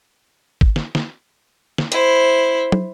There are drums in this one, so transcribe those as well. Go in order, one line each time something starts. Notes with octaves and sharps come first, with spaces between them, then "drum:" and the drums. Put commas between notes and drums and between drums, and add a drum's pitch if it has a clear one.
drum: kick
drum: snare
drum: snare
drum: snare
E4 C5, drum: hi-hat
drum: tom